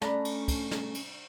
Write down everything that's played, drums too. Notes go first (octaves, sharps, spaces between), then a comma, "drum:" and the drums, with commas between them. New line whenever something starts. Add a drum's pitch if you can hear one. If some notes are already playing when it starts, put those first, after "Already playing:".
A3 C#4 D4 A#5 B5, drum: snare
drum: cymbal
drum: kick, cymbal
drum: snare
drum: cymbal